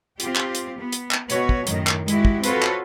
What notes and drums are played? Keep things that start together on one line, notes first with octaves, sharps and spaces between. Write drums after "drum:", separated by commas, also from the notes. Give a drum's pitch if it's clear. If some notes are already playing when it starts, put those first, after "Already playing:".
C4 F4 G4, drum: hi-hat
drum: clap
drum: hi-hat
B3
drum: hi-hat
drum: clap
B2 F#4 B4 C#5, drum: hi-hat
drum: kick
F#2 A2 D#3, drum: hi-hat
drum: clap
G#3 E4 F#4 G4, drum: hi-hat
drum: kick
C4 F4 F#4 A4 B4 C#5, drum: hi-hat
drum: clap